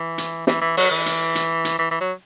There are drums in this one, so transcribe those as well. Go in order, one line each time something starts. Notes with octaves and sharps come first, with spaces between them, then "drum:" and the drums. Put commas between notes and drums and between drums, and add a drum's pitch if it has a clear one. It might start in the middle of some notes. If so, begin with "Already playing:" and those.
Already playing: E3
drum: hi-hat
E3, drum: snare
E3
F#3, drum: open hi-hat
E3
drum: hi-hat
drum: hi-hat
drum: hi-hat
E3
E3
F#3